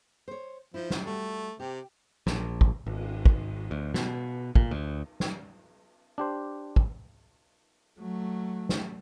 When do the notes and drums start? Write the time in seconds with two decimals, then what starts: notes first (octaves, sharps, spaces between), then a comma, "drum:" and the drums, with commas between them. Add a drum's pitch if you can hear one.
0.28 C5 C#5
0.74 F3 D#4 E4
0.90 drum: snare
1.06 G3 A3 F#4
1.60 C3 G4
2.27 A#1, drum: snare
2.61 drum: kick
2.87 G#1, drum: cymbal
3.25 drum: kick
3.71 D2
3.94 B2, drum: snare
4.55 A#2, drum: kick
4.71 D2
5.20 drum: snare
6.18 D4 G4 C5
6.76 drum: kick
8.00 F#3 A3
8.69 drum: snare